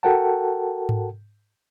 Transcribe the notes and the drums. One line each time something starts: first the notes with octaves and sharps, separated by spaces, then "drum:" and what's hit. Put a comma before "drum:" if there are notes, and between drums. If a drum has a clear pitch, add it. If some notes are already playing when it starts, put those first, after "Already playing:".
F#4 A4 A#4 F#5 G5 A5
drum: tom G#2